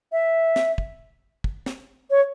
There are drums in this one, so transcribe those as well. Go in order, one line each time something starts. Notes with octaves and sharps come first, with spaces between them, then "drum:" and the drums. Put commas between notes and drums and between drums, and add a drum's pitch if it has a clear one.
E5
drum: snare
drum: kick
drum: kick
drum: snare
C#5